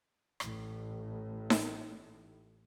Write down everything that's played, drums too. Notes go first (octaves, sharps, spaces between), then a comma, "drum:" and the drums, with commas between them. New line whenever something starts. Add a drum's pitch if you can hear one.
A1 A2, drum: rim click
drum: snare D#4